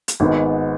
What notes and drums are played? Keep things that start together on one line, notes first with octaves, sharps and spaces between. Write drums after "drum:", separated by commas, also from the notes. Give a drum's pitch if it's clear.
drum: hi-hat
G#1 G#2 G#3 B3